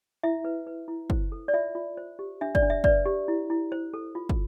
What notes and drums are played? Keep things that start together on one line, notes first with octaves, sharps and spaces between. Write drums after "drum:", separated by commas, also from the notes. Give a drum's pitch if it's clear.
E4 E5
B4
B4
E4
C5, drum: kick
A4
D5
F4 E5
F4
C5
G4
D4 E5
D5, drum: kick
D4
E5
B4 D5, drum: kick
G4
E4
E4
C5
A4
F4
drum: kick